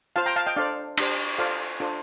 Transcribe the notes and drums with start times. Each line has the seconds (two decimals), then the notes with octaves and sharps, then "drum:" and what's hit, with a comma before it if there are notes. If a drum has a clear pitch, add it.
0.16 F4 C5 F5 A5
0.26 G5 A#5
0.36 F5 A5
0.47 D#5 G5
0.56 D4 A4 C5 D5 F5
0.97 D4 G4 C5, drum: cymbal
1.39 F4 A4 C5 D5 F5
1.80 D4 F4 A4 C5